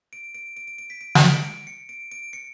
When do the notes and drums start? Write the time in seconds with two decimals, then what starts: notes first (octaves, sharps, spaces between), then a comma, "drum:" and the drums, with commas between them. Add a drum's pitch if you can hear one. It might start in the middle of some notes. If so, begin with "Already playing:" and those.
0.13 D7
0.35 D7
0.57 D7
0.67 D7
0.78 D7
0.90 B6
1.01 D7
1.15 D7, drum: snare
1.30 C#7
1.45 D7
1.67 C#7
1.89 D7
2.12 D7
2.33 C#7